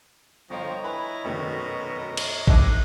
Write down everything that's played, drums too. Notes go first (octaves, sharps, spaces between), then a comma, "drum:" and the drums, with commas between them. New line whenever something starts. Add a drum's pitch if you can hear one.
G1 F3 C#5 D#5 G5 A#5
E4 B4 G#5 B5
F1 F#2 B2 D#3
drum: cymbal
G#3 A3 D4 D#4, drum: kick